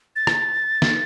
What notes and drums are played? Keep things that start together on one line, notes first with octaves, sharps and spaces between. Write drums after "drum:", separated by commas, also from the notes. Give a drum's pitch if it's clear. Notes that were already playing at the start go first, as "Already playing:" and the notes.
A6
drum: rim click
drum: snare